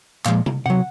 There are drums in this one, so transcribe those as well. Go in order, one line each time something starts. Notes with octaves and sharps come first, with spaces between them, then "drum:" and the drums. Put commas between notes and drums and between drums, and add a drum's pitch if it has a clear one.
A#2 F3 G#3 F5, drum: clap
drum: tom C3
C3 F#3 F#5